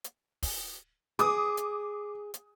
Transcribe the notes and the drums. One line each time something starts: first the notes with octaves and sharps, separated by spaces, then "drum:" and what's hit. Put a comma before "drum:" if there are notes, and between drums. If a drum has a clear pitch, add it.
drum: hi-hat
drum: kick, open hi-hat
G#4 D6 D#6, drum: hi-hat
drum: hi-hat
drum: hi-hat